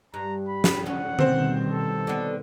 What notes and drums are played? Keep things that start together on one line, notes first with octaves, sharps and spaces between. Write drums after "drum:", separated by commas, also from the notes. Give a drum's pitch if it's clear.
G2 A#5
B5
drum: snare
D2 C#4 F#5
B2 D#3 G3 C4 C5, drum: tom D3
A4
D3 B3